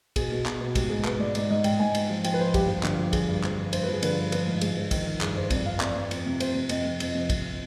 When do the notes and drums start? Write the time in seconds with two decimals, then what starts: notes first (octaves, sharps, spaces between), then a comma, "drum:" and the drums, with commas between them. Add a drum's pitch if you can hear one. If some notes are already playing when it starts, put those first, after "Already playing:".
0.16 B2 G#4, drum: kick, cymbal
0.32 B2
0.46 B2, drum: clap
0.61 B2
0.75 G#2 G4, drum: kick, cymbal
0.90 G#2 G#4
1.05 G#2 B4, drum: clap
1.20 G#2 D5
1.35 G#2 D5, drum: cymbal
1.50 G#2 D#5
1.64 G#2 G5, drum: cymbal
1.79 G#2 G#5
1.95 G#2, drum: cymbal
2.10 F3
2.24 F3 G5, drum: cymbal
2.34 B4
2.39 F3 C5
2.54 G2 G4, drum: kick, cymbal
2.68 F3
2.83 D3, drum: clap
2.99 F3
3.13 G2 G#4, drum: kick, cymbal
3.29 G2
3.44 F3, drum: clap
3.57 F3
3.73 G2 C5, drum: cymbal
3.83 F3 B4
3.94 G#4
4.03 D3 B4, drum: cymbal
4.18 G2
4.32 F3 B4, drum: cymbal
4.46 G#2
4.61 G#2 G#4, drum: cymbal
4.77 F3
4.91 D#3, drum: kick, cymbal
5.07 D#3
5.21 G2 G#4, drum: clap
5.36 G2 C5
5.50 F2 D5, drum: kick, cymbal
5.66 F2 F5
5.80 F2 D5, drum: clap
5.95 F2
6.11 F2, drum: cymbal
6.26 C3
6.40 C3 C5, drum: cymbal
6.55 C3
6.69 F2 D#5, drum: cymbal
6.84 F2
7.00 F2, drum: cymbal
7.15 F2
7.30 C3, drum: kick, cymbal